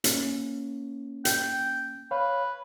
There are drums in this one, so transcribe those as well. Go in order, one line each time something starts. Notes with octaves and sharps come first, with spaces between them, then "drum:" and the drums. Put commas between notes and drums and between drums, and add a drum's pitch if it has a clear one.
A#3 C#4, drum: hi-hat
G5, drum: hi-hat
B4 C#5 F5